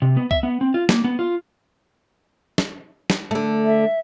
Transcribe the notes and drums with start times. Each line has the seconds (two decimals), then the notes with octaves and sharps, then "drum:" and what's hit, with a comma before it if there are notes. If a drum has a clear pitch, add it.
0.02 C3
0.17 B3
0.31 E5, drum: kick C2
0.43 B3
0.61 C4
0.74 F4
0.89 A#3, drum: snare
1.04 B3
1.19 F4
2.58 drum: snare
3.10 drum: snare
3.31 D3 A3
3.65 E5